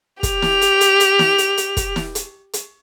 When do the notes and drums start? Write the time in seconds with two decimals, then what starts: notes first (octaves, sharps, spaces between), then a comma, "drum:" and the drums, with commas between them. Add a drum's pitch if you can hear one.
0.23 G4 F7, drum: kick, hi-hat
0.42 drum: snare
0.61 drum: hi-hat
0.81 drum: hi-hat
1.00 drum: hi-hat
1.19 drum: snare
1.38 drum: hi-hat
1.57 drum: hi-hat
1.77 drum: kick, hi-hat
1.96 drum: snare
2.15 drum: hi-hat
2.53 drum: hi-hat